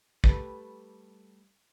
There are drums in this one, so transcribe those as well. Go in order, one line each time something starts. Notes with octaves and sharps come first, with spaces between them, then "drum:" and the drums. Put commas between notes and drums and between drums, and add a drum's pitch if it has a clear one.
G3 A3 G4 A4 B4, drum: kick